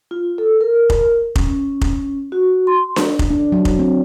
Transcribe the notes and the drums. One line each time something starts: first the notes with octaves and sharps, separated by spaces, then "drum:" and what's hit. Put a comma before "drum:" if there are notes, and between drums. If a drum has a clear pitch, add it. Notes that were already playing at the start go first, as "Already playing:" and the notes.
F4
A4
A#4
drum: kick F1
C#4, drum: kick F1
drum: kick F1
F#4
C6
drum: snare D4
drum: kick F1
D4
F#3
drum: kick F1
C4